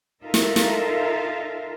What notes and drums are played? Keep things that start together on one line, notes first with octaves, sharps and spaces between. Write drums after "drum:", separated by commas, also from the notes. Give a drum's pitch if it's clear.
D#4 F4 A4 A#4 E5 F5
drum: snare
drum: snare